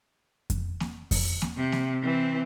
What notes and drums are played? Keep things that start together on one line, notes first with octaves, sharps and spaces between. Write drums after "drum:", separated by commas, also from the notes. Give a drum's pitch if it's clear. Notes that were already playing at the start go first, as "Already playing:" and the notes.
drum: kick F2, hi-hat
drum: snare A#3
drum: kick F2, open hi-hat
drum: snare A#3
C3
drum: snare A#3
E3 C4